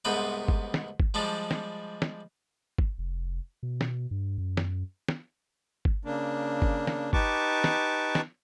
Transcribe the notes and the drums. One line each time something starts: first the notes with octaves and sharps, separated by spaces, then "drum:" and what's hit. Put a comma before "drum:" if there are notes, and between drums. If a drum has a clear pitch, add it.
C2 G#2 C3 B3 C4 B4
drum: kick G1
drum: snare
drum: kick G1
F3 G3 G#3 D4
drum: snare
drum: snare
drum: kick G1
F1
B2
drum: snare
G2
F#2
drum: snare
drum: snare
drum: kick G1
C#3 A#3 D4
drum: kick G1
drum: snare
D#4 G4 B4 A5 C#6 D6, drum: kick G1
drum: snare
drum: snare